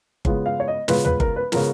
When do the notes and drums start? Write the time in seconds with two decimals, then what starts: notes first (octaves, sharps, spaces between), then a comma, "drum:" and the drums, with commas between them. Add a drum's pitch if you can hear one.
0.25 C#3 G#3 B3 F4, drum: kick G1
0.46 F5
0.60 C#5
0.68 D#5
0.88 C#3 G#3 B3 F4 B4, drum: snare
1.05 B4, drum: tom
1.20 A#4, drum: kick G1
1.36 B4
1.52 C#3 G#3 B3 F4 A#4, drum: snare